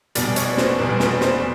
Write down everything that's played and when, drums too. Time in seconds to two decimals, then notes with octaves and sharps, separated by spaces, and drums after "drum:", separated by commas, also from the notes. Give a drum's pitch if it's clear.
0.15 F1 E2 B2 G3 D5, drum: hi-hat
0.36 C#5, drum: hi-hat
0.49 B4
0.57 C5, drum: snare
0.78 F1 E2 B2 G3 B4
1.00 B4, drum: snare
1.21 C5, drum: snare